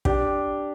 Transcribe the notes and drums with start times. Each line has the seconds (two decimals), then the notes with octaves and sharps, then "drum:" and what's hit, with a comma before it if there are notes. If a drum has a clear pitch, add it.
0.05 D4 G4, drum: kick